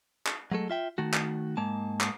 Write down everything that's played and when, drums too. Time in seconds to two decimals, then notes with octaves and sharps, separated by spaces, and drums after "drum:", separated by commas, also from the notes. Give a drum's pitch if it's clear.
0.27 drum: clap
0.52 F#3 G#3 A3 A4
0.70 F4 E5 G5
0.98 D#3 A3 F#4
1.14 drum: clap
1.57 G#2 G#3 A#3 A5
2.01 drum: clap